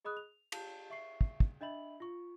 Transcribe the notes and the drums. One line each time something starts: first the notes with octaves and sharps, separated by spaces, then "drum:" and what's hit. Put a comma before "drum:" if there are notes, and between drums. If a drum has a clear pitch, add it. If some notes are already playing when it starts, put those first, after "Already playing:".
G#4 D#5 B5 D#6 F#6
F7
G4 A5 G6 F7, drum: cymbal
E5 C#6 C7
drum: kick
drum: kick
D4 D#5 E5 B5 F#7
F4 C#6